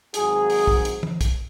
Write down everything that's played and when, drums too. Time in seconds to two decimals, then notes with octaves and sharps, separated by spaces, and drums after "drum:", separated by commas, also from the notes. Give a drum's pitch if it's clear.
0.14 G#1 G#2 F#3 G#4, drum: hi-hat
0.50 drum: open hi-hat
0.67 drum: kick
0.85 drum: hi-hat
1.03 drum: tom E3
1.21 drum: kick, hi-hat